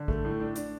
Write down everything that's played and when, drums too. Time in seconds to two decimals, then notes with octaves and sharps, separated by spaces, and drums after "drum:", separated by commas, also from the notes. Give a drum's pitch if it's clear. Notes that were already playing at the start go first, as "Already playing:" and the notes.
Already playing: D3
0.08 A3, drum: kick
0.25 A2
0.40 D4
0.56 D4, drum: hi-hat